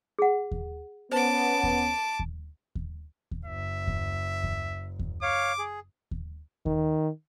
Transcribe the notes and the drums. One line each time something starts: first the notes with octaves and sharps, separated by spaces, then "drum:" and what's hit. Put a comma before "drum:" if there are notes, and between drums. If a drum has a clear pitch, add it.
G#4 F#5
drum: kick D#2
B3 C#4 C5 A5 D6
drum: kick D#2
drum: kick D#2
drum: kick D#2
drum: kick D#2
F#1 E5
drum: kick D#2
drum: kick D#2
drum: kick D#2
C#5 F5 D6
G#4
drum: kick D#2
D#3, drum: kick D#2